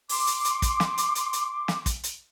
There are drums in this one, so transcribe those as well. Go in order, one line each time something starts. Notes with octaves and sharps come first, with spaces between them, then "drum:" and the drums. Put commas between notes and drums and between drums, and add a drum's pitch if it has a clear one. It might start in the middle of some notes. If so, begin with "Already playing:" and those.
C6 D6, drum: open hi-hat
drum: hi-hat
drum: hi-hat
drum: kick, hi-hat
drum: snare
drum: hi-hat
drum: hi-hat
drum: hi-hat
drum: snare
drum: kick, hi-hat
drum: hi-hat